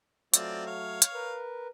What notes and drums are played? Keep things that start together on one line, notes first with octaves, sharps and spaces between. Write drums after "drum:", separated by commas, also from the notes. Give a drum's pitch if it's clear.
F#3 A3 C4 F4 D5, drum: hi-hat
C#5 F5
drum: hi-hat
A#4 B4